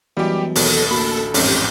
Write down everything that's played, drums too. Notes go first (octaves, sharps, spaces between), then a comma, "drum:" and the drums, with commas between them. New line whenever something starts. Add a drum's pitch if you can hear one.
F#2 E3 G3 G#3 B3 G4
D#2 B2 A4, drum: open hi-hat
A1 D2 A#3 B5
A1 F2 G#2 C4 C#4 G4 G5, drum: open hi-hat